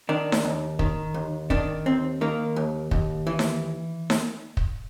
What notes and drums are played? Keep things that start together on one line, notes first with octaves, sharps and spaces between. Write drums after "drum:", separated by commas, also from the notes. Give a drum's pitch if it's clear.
D#3 D4
drum: snare D#4
D#2
D#3, drum: kick
D#2
D#3 D4, drum: kick
D#2 C4
D#3 A#3
D#2
D#2, drum: kick
E3
drum: snare D#4
drum: snare D#4
drum: kick